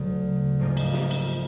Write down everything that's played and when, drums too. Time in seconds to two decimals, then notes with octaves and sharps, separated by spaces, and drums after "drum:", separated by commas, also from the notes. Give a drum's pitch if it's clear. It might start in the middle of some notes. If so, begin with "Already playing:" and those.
Already playing: D2 C#3 F#3
0.59 G#2 F3 A#3 D#4
0.77 drum: cymbal
0.94 drum: snare
1.11 drum: cymbal